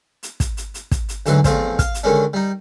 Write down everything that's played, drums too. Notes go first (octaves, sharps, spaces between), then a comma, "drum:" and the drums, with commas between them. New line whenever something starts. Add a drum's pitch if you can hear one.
drum: hi-hat
drum: kick, hi-hat
drum: hi-hat
drum: hi-hat
drum: kick, hi-hat
drum: hi-hat
D2 G#2 D3 E3 F#3, drum: hi-hat
E2 A2 F3 C4 D4, drum: kick, hi-hat
F5, drum: kick, hi-hat
drum: hi-hat
D3 D#3 G#3 C#4 D4
G3 D#4